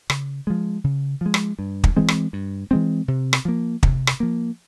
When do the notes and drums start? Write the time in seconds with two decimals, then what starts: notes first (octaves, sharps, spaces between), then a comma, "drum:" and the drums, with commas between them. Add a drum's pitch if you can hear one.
0.10 C#3, drum: rim click
0.47 F3 G#3
0.84 C#3
1.21 F3 G#3
1.34 drum: rim click
1.59 G2
1.84 drum: kick
1.97 E3 G#3 C4
2.08 drum: rim click
2.33 G2
2.71 E3 G#3 C4
3.08 C3
3.33 drum: rim click
3.45 F3 A#3
3.83 C3, drum: kick
4.07 drum: rim click
4.20 F3 A#3